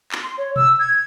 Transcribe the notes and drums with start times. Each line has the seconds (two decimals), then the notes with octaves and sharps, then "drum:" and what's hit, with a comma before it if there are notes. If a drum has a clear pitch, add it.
0.12 drum: clap
0.23 C6
0.38 C#5
0.56 E6, drum: tom B2
0.79 G#6